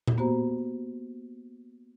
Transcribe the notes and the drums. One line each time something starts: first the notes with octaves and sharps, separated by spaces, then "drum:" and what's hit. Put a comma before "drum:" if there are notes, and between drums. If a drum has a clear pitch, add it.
drum: tom A#2
A#3 B3 F#4 G4 C5 A#5